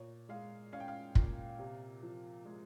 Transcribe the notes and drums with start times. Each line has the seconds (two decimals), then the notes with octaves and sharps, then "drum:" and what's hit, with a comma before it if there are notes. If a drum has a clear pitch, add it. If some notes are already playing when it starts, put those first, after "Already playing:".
Already playing: A#2 C#5
0.29 G#3 F5
0.72 C#4 F5
0.80 G5
0.88 F5
1.15 A#2, drum: kick
1.59 C3
2.03 F3
2.45 G#3